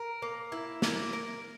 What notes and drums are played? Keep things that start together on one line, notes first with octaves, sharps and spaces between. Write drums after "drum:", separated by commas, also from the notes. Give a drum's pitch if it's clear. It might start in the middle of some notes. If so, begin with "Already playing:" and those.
Already playing: A#4
A#3
E4
A#3, drum: snare
A#4